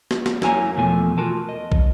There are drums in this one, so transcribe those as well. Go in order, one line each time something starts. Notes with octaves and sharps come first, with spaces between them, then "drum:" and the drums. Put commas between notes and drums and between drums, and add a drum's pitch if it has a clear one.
drum: snare
drum: snare
F#2 A#3 E4 C#5 G#5 A#5, drum: snare
E2 B2 F3 A3 G#5
F4 F#4 A#4 A5
D#5
drum: kick